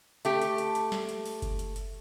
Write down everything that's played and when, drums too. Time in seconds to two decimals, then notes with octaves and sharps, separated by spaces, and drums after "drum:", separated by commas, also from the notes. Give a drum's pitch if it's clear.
0.25 A3 G4, drum: hi-hat
0.42 drum: hi-hat
0.58 drum: hi-hat
0.75 drum: hi-hat
0.92 drum: snare
1.09 drum: hi-hat
1.26 drum: open hi-hat
1.42 drum: kick F#1, hi-hat
1.59 drum: hi-hat
1.76 drum: hi-hat